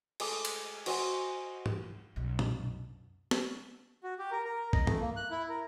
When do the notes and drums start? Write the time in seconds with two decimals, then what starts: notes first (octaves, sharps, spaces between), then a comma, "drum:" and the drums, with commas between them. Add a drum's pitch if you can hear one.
0.20 G#3 A3 D6 D#6, drum: cymbal
0.45 drum: cymbal
0.86 F#4 C5 D#5 G#5, drum: cymbal
1.66 drum: tom
2.16 B1 F#2
2.39 drum: tom A#2
3.31 drum: snare
4.03 F#4
4.19 G4
4.31 A#4
4.44 A#4
4.73 D#5, drum: kick B1
4.87 A3, drum: tom G2
5.01 A#3
5.16 F#6
5.31 E4
5.49 A#4